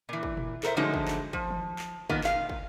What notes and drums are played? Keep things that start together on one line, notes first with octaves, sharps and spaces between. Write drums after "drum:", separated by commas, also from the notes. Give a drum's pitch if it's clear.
A#2 E3
drum: kick
drum: tom A#2
A4 A#4 C5 E5, drum: clap
D3 F3 F#3 G#3 A3 D#4
drum: kick
drum: clap
F3, drum: kick
drum: tom D#3
drum: clap
A#2 D#3 A#3 B3, drum: kick
A#2 F5, drum: clap
drum: kick